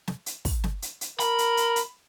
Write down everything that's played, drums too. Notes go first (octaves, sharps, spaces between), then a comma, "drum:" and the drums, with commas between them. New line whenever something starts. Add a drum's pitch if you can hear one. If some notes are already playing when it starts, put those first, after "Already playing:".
drum: snare
drum: hi-hat
drum: kick, open hi-hat
drum: snare
drum: hi-hat
drum: hi-hat
A#4 B5, drum: hi-hat
drum: hi-hat
drum: hi-hat
drum: hi-hat